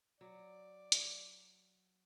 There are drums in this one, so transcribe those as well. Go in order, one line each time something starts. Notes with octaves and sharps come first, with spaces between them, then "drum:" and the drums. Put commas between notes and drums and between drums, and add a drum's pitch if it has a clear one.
F#3 D5
drum: hi-hat